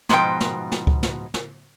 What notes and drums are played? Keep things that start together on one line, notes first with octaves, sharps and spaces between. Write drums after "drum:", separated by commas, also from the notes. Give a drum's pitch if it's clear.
F2 G#2 B2 F3 G5, drum: snare
drum: snare
drum: snare
drum: kick C#2
drum: snare
drum: snare